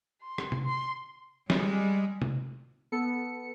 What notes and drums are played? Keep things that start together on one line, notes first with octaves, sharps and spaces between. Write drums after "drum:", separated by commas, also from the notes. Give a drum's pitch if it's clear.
C6
drum: rim click
drum: tom
C6
G3 G#3, drum: snare
drum: tom
B3 A4 C#7